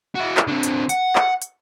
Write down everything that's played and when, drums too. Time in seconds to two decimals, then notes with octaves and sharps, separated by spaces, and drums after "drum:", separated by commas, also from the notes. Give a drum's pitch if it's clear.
0.15 E4 F#4
0.37 drum: clap
0.47 D3 C4
0.63 drum: hi-hat
0.89 F#5, drum: hi-hat
1.15 drum: clap
1.42 drum: hi-hat